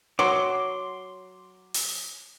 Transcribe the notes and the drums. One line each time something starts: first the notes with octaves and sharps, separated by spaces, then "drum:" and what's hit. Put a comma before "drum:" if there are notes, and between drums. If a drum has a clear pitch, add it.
F#3 C6 D6
drum: open hi-hat